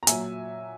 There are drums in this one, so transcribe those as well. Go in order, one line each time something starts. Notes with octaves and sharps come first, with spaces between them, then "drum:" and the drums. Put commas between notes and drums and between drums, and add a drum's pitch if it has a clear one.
A#5
A#2 F#3 E5 G#5, drum: hi-hat